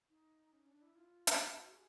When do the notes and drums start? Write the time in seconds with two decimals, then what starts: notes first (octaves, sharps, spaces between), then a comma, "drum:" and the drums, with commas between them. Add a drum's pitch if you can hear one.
0.09 D#4
0.53 C#4
0.67 D4
0.82 E4
0.95 F4
1.27 drum: hi-hat
1.38 F4
1.50 F#4
1.60 F#4
1.71 G#4